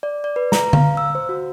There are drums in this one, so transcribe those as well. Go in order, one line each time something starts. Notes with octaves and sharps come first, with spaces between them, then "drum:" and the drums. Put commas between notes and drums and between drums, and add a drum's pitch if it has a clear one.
D5
D5
B4
A#5, drum: snare
F5, drum: tom D3
E6
C5
F#4